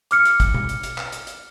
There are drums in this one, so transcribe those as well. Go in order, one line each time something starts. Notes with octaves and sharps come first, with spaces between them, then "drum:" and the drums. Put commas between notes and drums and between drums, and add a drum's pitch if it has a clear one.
D6 F6 C#7, drum: hi-hat
drum: hi-hat
drum: kick, hi-hat
drum: tom B2
drum: hi-hat
drum: hi-hat
drum: clap
drum: hi-hat
drum: hi-hat